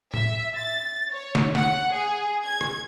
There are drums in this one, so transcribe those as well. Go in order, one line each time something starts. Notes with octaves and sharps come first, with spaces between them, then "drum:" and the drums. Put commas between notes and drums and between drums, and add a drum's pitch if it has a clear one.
E5, drum: tom A2
A6
C#5
drum: snare
F#5, drum: snare
G#4
G#6
drum: rim click